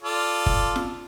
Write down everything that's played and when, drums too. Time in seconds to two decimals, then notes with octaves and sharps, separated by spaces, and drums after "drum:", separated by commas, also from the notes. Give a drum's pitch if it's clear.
0.03 F4 A4 D5
0.46 drum: kick
0.76 drum: snare